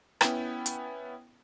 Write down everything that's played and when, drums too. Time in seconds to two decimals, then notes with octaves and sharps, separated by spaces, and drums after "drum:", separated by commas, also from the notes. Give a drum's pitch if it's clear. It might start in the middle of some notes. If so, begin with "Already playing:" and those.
0.21 B3 C#4 E4 G5, drum: rim click
0.66 drum: hi-hat